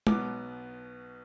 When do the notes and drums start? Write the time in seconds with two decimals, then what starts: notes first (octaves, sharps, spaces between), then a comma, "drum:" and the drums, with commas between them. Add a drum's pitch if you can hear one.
0.07 B1 B2 B3 D6, drum: tom